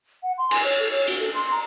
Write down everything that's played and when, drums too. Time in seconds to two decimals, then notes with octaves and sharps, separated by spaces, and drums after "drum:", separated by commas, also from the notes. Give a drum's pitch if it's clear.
0.23 F#5
0.38 C6
0.51 G#5, drum: cymbal
0.64 C#5
0.80 A4
0.92 C#5
1.07 F#4, drum: hi-hat
1.20 A4
1.34 C6
1.52 A#5